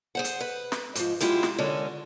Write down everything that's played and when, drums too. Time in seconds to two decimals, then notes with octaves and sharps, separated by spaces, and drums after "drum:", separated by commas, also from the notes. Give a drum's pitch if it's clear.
0.15 G#4 C5 F#5
0.24 drum: hi-hat
0.40 B4
0.72 drum: snare
0.95 G#2 F3, drum: hi-hat
1.20 F#3 G#3 E4 F4 G4, drum: hi-hat
1.43 drum: snare
1.58 D3 G#3 C#4 A4 A#4